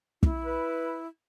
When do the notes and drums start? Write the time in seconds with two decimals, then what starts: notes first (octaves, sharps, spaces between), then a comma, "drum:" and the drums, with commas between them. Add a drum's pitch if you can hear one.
0.23 E4, drum: kick
0.44 B4